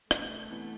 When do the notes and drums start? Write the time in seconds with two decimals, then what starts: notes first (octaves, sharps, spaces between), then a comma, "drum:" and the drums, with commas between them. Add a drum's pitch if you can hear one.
0.11 C2 A3, drum: rim click
0.49 C3 E3 B3